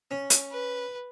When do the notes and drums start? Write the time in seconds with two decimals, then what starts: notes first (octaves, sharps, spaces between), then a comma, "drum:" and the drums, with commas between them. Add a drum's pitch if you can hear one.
0.11 C#4
0.30 drum: hi-hat
0.51 B4